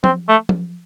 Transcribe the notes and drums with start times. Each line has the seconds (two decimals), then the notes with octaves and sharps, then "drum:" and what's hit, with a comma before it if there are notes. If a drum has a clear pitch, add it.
0.04 C4, drum: tom F3
0.29 A3
0.49 drum: tom F3